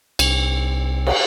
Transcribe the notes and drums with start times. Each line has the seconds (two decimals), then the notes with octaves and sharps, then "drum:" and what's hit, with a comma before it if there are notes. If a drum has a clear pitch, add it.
0.19 C2, drum: cymbal
1.07 drum: cymbal